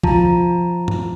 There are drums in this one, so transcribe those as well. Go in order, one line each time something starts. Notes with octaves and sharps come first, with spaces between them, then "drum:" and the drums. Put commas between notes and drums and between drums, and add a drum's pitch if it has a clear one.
F3 F4 A5 A#5, drum: kick
drum: tom G2